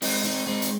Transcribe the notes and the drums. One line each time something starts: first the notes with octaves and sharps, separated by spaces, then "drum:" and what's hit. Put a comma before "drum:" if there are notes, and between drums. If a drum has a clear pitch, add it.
G#3 C4 D#4, drum: open hi-hat
C4 D#4
G#3 C4 D#4
drum: hi-hat